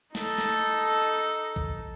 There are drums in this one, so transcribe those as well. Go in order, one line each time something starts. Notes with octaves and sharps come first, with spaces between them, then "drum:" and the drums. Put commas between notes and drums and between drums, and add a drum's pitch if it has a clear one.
D#4 A4, drum: snare
drum: snare
drum: kick